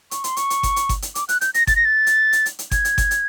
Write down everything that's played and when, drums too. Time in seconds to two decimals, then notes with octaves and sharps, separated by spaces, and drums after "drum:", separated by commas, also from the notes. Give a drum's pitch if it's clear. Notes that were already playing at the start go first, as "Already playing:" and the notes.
0.11 C#6, drum: hi-hat
0.24 C6, drum: hi-hat
0.37 C#6, drum: hi-hat
0.50 drum: hi-hat
0.63 drum: kick G1, hi-hat
0.76 drum: hi-hat
0.89 drum: kick G1, hi-hat
1.02 drum: hi-hat
1.15 D6, drum: hi-hat
1.29 F#6, drum: hi-hat
1.41 G6, drum: hi-hat
1.54 A#6, drum: hi-hat
1.67 A6, drum: kick G1, hi-hat
1.76 A#6
1.85 A6
2.07 drum: hi-hat
2.33 drum: hi-hat
2.46 drum: hi-hat
2.59 drum: hi-hat
2.71 G#6, drum: kick G1, hi-hat
2.85 drum: hi-hat
2.98 drum: kick G1, hi-hat
3.11 drum: hi-hat